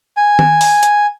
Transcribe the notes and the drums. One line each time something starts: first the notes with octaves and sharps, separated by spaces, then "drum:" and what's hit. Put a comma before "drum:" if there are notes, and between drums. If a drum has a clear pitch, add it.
G#5
drum: tom D#3
drum: open hi-hat
drum: hi-hat